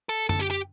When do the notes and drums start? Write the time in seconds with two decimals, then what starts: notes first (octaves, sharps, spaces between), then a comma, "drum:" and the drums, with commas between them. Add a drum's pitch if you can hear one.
0.09 A4
0.29 A4, drum: tom F#2
0.40 G4
0.51 G4